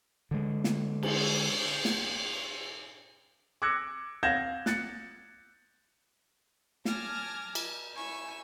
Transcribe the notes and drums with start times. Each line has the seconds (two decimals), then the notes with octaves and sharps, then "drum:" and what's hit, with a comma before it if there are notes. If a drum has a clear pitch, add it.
0.31 D3 G#3
0.64 drum: snare
1.03 drum: cymbal
1.85 drum: snare
3.62 D6 E6 F#6 G#6 A#6 C#7
4.23 F5 F#5 G6 G#6 A#6 E7
4.66 F#6 A6 C#7, drum: snare
6.85 G#5 A5 D6 F6 G#6 A#6, drum: snare
7.55 drum: cymbal
7.94 E4 G#5 C#6 E6